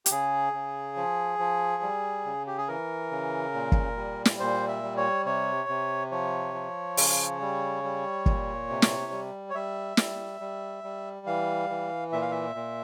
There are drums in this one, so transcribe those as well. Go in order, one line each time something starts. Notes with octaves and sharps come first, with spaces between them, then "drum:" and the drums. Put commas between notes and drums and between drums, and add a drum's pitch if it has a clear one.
G4, drum: hi-hat
C#3 G#4
C#3
F3
F3
G3
C#3
G4
G#4
E3 A#4
C#3
A#2
drum: kick
G3
drum: snare
A#2 C5
E5
G3
C#5
C3 C#5
C3
F3 C#5
F3
C#3, drum: open hi-hat
G3
G3
A#2, drum: kick
C3
drum: snare
G3
C#5
G3 E5
G3, drum: snare
G3
G3
E3 F5
E3
A#2 E5
F5
E5
A#2